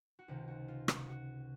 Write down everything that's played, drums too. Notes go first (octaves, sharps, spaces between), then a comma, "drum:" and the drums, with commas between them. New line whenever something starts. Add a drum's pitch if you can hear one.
F#4
C#2 C3 D#3 F4
F#4
F4
F#4, drum: rim click
F#4